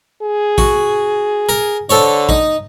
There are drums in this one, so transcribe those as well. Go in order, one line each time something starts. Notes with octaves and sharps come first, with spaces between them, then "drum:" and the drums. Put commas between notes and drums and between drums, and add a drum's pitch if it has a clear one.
G#4
F#4, drum: kick A#1
A#4
D3 A4 C5 C#5
D#4, drum: kick A#1